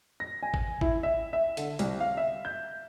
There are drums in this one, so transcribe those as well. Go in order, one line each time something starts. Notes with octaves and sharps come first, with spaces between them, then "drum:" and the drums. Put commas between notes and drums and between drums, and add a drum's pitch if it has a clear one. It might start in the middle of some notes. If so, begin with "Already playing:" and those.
A#6
G#5
drum: kick G#1
E4, drum: kick G#1
E5
E5
D3, drum: hi-hat
C2, drum: hi-hat
F5
E5
G6